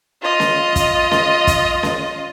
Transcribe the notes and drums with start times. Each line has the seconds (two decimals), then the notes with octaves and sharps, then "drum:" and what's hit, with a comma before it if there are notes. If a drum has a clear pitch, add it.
0.22 F4 D#5
0.40 drum: snare C#4
0.76 drum: kick, hi-hat
1.11 drum: snare C#4
1.47 drum: kick, hi-hat
1.83 drum: snare C#4